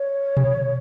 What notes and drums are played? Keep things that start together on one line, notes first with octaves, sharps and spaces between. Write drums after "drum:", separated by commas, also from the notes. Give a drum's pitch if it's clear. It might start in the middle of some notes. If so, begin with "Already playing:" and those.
Already playing: C#5
drum: tom B2